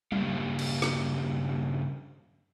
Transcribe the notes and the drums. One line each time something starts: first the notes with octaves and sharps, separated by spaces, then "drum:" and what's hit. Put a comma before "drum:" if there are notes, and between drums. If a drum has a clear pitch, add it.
G2 C#3 A#3 D4 G4 F5, drum: tom F#3
drum: cymbal
drum: snare